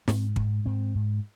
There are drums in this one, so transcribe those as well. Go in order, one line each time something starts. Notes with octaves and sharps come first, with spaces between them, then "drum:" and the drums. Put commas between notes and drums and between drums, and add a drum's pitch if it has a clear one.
G#2 C4, drum: snare
G#2, drum: kick
G#2 C4
G#2